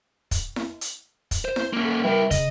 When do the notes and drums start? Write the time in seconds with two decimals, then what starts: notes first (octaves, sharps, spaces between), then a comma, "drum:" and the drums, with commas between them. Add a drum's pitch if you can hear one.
0.31 drum: kick, hi-hat
0.56 drum: snare E4
0.81 drum: hi-hat
1.31 drum: kick, hi-hat
1.45 C5
1.56 drum: snare E4
1.73 A#3 C#4
1.86 A4
2.04 G3 E4 A#4 B4 G5
2.31 C#3 D#5, drum: kick, hi-hat